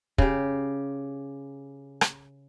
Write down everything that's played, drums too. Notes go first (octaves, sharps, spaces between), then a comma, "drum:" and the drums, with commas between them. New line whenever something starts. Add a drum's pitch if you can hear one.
C#3 G4, drum: kick
drum: rim click